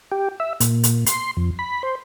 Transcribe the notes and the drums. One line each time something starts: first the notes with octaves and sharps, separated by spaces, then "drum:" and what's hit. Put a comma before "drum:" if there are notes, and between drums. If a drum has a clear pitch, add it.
G4
E5
A#2, drum: hi-hat
drum: hi-hat
C6, drum: hi-hat
F2
B5
C5